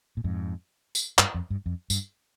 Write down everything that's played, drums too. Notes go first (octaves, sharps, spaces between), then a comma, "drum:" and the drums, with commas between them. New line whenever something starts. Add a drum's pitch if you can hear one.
A#2
F2 G#2
drum: tambourine
G2, drum: clap
F2
G2
F2
G2, drum: tambourine